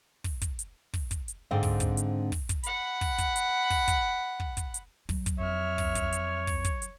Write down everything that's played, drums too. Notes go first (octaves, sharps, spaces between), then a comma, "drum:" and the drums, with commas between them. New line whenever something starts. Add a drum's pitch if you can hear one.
drum: kick, open hi-hat
drum: kick, hi-hat
drum: hi-hat
drum: kick, open hi-hat
drum: kick, hi-hat
drum: hi-hat
G#2 D3 C4 F5
drum: kick, open hi-hat
drum: kick, hi-hat
drum: hi-hat
drum: kick, open hi-hat
drum: kick, hi-hat
F#5 B5, drum: hi-hat
drum: kick, open hi-hat
drum: kick, hi-hat
drum: hi-hat
drum: kick, open hi-hat
drum: kick, hi-hat
drum: kick
drum: kick, hi-hat
drum: hi-hat
F#3, drum: kick, open hi-hat
drum: kick, hi-hat
F2 C#5 E5 F6
drum: kick, open hi-hat
drum: kick, hi-hat
drum: hi-hat
drum: kick, open hi-hat
drum: kick, hi-hat
drum: hi-hat